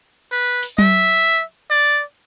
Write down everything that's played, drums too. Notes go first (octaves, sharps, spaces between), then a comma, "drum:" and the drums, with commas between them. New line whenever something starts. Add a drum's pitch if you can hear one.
B4
drum: open hi-hat
E5, drum: tom F#3
D5